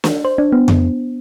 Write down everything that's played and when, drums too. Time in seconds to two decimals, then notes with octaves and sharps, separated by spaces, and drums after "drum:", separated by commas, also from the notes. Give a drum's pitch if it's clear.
0.04 drum: snare
0.25 C5
0.38 D4
0.53 B3
0.68 drum: tom F2